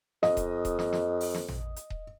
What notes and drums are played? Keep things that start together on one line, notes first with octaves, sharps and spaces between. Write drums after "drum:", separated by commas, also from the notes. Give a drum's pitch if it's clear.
F2 D#5, drum: snare
drum: kick D#1, hi-hat
drum: kick D#1, hi-hat
drum: snare
drum: snare
drum: open hi-hat
drum: snare
drum: tom
drum: hi-hat
drum: kick D#1